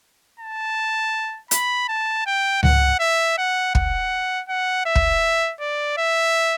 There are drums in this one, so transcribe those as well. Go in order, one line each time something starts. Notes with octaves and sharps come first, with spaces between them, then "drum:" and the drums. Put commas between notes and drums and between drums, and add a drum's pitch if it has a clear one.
A5
B5, drum: hi-hat
A5
G5
F#5, drum: tom C#2
E5
F#5
F#5, drum: kick
F#5
E5
drum: kick
D5
E5